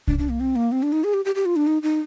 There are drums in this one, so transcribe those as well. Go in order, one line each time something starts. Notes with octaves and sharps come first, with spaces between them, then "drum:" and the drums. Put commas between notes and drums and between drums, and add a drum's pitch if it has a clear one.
D4, drum: kick C2
D4
A#3
C4
A#3
C4
D4
D#4
G#4
G4
G4
G4
F4
D4
D#4
D#4